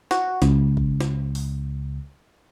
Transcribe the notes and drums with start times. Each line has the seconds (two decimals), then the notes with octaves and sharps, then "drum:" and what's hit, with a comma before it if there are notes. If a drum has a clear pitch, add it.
0.11 F#4, drum: snare
0.42 C#2, drum: snare
0.77 drum: kick
1.01 drum: snare
1.35 drum: open hi-hat